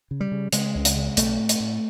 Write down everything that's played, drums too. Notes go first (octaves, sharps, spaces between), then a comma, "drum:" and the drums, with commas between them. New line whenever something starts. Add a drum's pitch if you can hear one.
C#3
G3
C#3
C#3 G#3, drum: hi-hat
C#2
drum: hi-hat
C#3
B1 A3, drum: hi-hat
A2
drum: hi-hat
A2